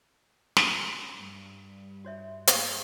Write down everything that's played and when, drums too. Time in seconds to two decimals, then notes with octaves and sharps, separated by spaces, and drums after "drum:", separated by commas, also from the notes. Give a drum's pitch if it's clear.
0.57 drum: snare
1.17 G2
2.04 F#4 C#5 E5
2.47 drum: hi-hat